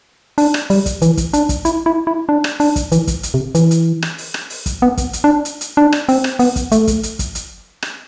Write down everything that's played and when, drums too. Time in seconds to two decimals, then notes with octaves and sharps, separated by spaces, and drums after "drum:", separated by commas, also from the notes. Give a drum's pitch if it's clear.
0.38 D4, drum: open hi-hat
0.54 drum: rim click
0.70 G3, drum: open hi-hat
0.86 drum: kick, hi-hat
1.02 E3, drum: hi-hat
1.17 drum: kick, hi-hat
1.33 D4, drum: hi-hat
1.49 drum: kick, hi-hat
1.65 E4, drum: hi-hat
1.86 E4
2.07 E4
2.29 D4
2.44 drum: rim click
2.60 D4, drum: open hi-hat
2.76 drum: kick, hi-hat
2.92 E3, drum: hi-hat
3.07 drum: kick, hi-hat
3.23 drum: hi-hat
3.34 C3
3.55 E3, drum: hi-hat
3.71 drum: hi-hat
4.02 drum: rim click
4.18 drum: open hi-hat
4.34 drum: rim click
4.50 drum: open hi-hat
4.66 drum: kick, hi-hat
4.82 B3
4.97 drum: kick, hi-hat
5.13 drum: hi-hat
5.24 D4
5.45 drum: hi-hat
5.61 drum: hi-hat
5.77 D4
5.92 drum: rim click
6.09 C4, drum: open hi-hat
6.24 drum: rim click
6.39 B3, drum: open hi-hat
6.56 drum: kick, hi-hat
6.72 A3, drum: hi-hat
6.87 drum: kick, hi-hat
7.03 drum: hi-hat
7.19 drum: kick, hi-hat
7.35 drum: hi-hat
7.82 drum: rim click